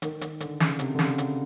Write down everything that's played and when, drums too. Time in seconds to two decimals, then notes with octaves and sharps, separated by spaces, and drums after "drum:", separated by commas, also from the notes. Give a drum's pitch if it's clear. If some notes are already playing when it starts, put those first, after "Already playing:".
0.02 D#3, drum: hi-hat
0.21 D#3, drum: hi-hat
0.40 D3, drum: hi-hat
0.60 C#3, drum: snare
0.79 C3, drum: hi-hat
0.95 D3
0.99 C#3, drum: snare
1.18 drum: hi-hat